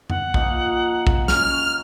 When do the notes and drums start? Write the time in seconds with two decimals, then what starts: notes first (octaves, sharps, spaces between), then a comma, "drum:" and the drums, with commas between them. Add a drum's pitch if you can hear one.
0.10 F#5, drum: tom F2
0.34 F3 A#3 D#4, drum: kick
1.07 drum: kick
1.28 C#4 G#5 F6, drum: snare
1.46 C#4